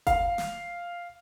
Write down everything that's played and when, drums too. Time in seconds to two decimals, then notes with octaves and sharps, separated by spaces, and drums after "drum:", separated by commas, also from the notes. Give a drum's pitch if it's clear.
0.07 F5, drum: kick F#1, hi-hat
0.38 drum: snare